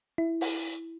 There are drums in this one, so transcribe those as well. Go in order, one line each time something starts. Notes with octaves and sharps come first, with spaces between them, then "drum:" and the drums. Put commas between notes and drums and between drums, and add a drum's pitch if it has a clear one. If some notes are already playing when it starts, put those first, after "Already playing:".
E4
drum: open hi-hat